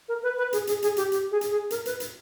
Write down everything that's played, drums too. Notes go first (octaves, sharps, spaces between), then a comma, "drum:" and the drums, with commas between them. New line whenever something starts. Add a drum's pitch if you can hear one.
A#4
B4
B4
G#4, drum: hi-hat
G#4, drum: hi-hat
G#4, drum: hi-hat
G4, drum: hi-hat
G4, drum: hi-hat
G#4
drum: hi-hat
G#4
A#4, drum: hi-hat
B4, drum: hi-hat
drum: hi-hat